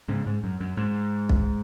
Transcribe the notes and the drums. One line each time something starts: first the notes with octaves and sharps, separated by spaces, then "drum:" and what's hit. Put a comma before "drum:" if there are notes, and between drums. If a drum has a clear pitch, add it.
G#2 C#3
G#2
F#2
F#2
G#2
drum: kick